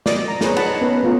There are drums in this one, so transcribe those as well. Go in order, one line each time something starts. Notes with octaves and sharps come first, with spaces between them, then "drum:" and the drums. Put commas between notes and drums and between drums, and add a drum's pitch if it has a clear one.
D5 D#5, drum: snare
A#5
D#4 G#4 B4 C#5, drum: snare
D#4 F#5 A5 B5, drum: cymbal
B3 C#4 A#4 B4
A3 B3 F4 A#4 C#5